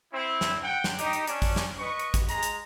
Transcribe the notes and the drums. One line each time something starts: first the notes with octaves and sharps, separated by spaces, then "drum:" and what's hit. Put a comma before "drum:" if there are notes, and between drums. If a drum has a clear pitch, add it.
C4 E4
drum: snare
F#5 G5
drum: snare
D#4 G4, drum: hi-hat
drum: hi-hat
C#4 D4, drum: hi-hat
drum: kick, open hi-hat
drum: snare
B4 D#5 C#6
drum: hi-hat
drum: kick, hi-hat
G#3 A#5, drum: hi-hat
drum: hi-hat